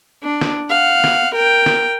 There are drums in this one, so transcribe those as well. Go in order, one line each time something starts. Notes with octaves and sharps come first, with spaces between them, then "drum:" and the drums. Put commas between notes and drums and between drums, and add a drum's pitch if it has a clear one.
D4
drum: snare
F5 F#5
drum: snare
A#4 G5
drum: snare